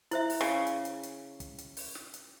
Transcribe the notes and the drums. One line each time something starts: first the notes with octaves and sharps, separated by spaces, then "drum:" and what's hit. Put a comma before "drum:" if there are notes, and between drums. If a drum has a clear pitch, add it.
E4 C5 E5, drum: hi-hat
drum: open hi-hat
C#3
drum: hi-hat
drum: hi-hat
drum: hi-hat
drum: kick, hi-hat
drum: hi-hat
drum: open hi-hat
drum: snare
drum: hi-hat